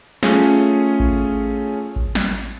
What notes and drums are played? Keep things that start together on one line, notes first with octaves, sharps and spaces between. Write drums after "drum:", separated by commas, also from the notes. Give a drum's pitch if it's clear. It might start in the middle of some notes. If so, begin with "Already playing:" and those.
A3 C#4 F4 G#4 C#5, drum: snare
drum: kick A1
drum: kick A1
drum: snare